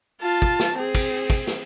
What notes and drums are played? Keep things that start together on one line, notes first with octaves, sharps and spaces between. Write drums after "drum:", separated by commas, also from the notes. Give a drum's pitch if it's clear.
F4 A5
drum: kick
drum: snare
C4 G#4
drum: kick, cymbal
drum: kick, cymbal
drum: snare